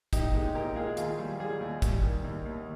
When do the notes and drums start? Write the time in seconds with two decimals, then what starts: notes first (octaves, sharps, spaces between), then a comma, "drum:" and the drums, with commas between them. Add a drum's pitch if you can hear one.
0.13 A#2 D#4 G4, drum: kick, hi-hat
0.34 G#3 D#4 G4
0.55 A#2 G4 A#4
0.76 G#3 F4 G#4
0.97 D#2 F4 G#4, drum: hi-hat
1.19 G3
1.40 G3 F4 G#4
1.60 D#2
1.82 G3, drum: kick, hi-hat
2.03 D#3
2.24 D#2
2.46 D#2